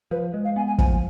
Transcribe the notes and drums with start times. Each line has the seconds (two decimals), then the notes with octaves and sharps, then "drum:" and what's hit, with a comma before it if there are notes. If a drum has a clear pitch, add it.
0.11 F3 B4
0.34 G#3
0.45 F5
0.56 B3 G#5
0.67 G#5
0.79 F3 G#5, drum: kick